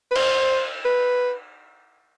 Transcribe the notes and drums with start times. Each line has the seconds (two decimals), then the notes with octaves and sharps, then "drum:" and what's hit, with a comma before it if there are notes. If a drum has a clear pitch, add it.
0.11 B4
0.16 C5, drum: cymbal
0.85 B4